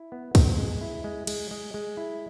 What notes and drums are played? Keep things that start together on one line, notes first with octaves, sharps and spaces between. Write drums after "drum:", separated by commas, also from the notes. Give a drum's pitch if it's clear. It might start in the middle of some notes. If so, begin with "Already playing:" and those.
Already playing: E4
B3
B3, drum: kick, cymbal
G#3
E4
G#3
G#3, drum: cymbal
G#3
G#3
E4